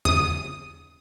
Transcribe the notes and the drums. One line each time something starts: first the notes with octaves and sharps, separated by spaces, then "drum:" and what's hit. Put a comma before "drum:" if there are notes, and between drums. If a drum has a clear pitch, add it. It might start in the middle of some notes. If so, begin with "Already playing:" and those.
D#6, drum: tom E2